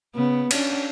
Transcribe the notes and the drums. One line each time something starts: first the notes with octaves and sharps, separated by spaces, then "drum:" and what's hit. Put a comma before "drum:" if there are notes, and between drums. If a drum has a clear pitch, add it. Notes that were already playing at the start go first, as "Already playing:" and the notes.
C#3 B3
C#4 D4, drum: cymbal